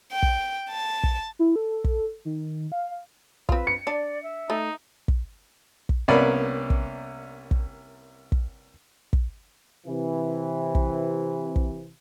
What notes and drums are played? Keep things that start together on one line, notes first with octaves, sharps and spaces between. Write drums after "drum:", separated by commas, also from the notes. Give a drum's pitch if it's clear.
G5
drum: kick
A5
drum: kick
E4
A4
drum: kick
D#3
F5
C4 F4 B4, drum: kick
C#7
D4 D5
E5
A3 D#4
drum: kick
drum: kick
C2 A#3 B3 C#4 D5 B5
drum: kick
drum: kick
drum: kick
drum: kick
C3 E3
drum: kick
drum: kick